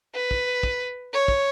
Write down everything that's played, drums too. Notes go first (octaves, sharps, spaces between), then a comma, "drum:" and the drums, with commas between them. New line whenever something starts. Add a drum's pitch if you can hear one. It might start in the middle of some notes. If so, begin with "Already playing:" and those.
B4
drum: kick
drum: kick
C#5
drum: kick